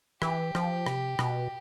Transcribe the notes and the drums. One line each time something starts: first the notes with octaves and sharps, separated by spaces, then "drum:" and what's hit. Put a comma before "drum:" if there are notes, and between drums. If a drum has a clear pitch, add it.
E3 G4, drum: rim click
F3, drum: rim click
C3, drum: rim click
B2, drum: rim click